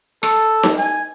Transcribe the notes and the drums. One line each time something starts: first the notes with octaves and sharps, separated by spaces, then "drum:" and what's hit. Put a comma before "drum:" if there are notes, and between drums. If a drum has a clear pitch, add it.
A4, drum: rim click
drum: snare D#4
G#5